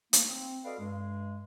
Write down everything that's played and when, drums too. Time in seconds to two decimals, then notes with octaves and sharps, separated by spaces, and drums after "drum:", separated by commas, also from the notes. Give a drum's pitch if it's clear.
0.13 A3 A#3 D#4, drum: hi-hat
0.28 C4
0.65 F#4 A4 B4 D5 D#5 F5
0.79 G2 G#3